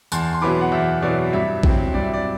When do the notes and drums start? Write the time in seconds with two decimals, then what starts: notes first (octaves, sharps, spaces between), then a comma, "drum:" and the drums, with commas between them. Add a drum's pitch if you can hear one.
0.12 E2 A5 C6, drum: tambourine
0.33 C6
0.42 B2 F#3 B3 E4 B5 D6
0.61 F#5
0.72 E2 E5
1.02 B2 F#3 B3 E4 D5
1.33 G2 E5
1.63 F#3 C4 E4, drum: kick A#1
1.94 G2 D5
2.04 E5
2.13 D5